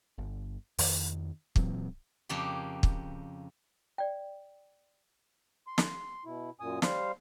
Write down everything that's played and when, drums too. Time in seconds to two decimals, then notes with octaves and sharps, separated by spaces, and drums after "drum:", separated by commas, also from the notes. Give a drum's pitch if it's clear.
0.18 G1
0.79 F2 D#3, drum: open hi-hat
1.56 A#2 E3 F#3 C4, drum: kick
2.29 F2 C#3 A#3 G4
2.83 drum: kick
3.98 D5 G5
5.67 C6
5.78 drum: snare
6.25 B2 E4
6.60 F#2 A#2 G#5 D#6
6.82 G3 C5 F5, drum: snare